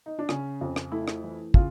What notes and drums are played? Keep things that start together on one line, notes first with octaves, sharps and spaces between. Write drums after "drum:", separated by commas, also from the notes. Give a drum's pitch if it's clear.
D#4
D4
C#3 C#4, drum: rim click
F2
drum: rim click
A3 E4
drum: rim click
E3
C#3 F4, drum: kick